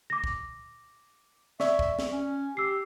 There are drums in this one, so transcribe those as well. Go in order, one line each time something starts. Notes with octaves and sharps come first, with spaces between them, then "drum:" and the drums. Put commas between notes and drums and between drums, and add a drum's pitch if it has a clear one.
D6 A#6
drum: kick C2
D5 E5 C#6, drum: snare
drum: kick C2
drum: snare
C#4
G4 E6 C7